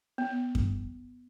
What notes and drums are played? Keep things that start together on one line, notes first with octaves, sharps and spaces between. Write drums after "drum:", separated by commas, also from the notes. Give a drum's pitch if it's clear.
B3
drum: kick F#2